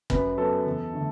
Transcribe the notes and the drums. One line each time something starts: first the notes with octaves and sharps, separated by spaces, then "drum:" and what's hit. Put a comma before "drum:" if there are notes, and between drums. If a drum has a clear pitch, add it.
F#2 B4, drum: kick
F#3 B3 A4
E2
D3 A3